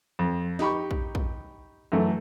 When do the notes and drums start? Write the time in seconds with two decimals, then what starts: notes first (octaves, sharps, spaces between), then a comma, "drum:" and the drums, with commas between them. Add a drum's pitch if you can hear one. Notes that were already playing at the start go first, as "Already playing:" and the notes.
0.19 F2
0.59 D#4 G4 B5 C#6, drum: snare
0.91 drum: kick
1.15 drum: kick
1.92 F#2 E3 A3